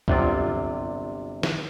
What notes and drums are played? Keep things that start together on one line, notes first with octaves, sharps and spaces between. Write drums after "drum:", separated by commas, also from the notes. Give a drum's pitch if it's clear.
G1 C3 F#3 F4 D5, drum: kick C2
drum: snare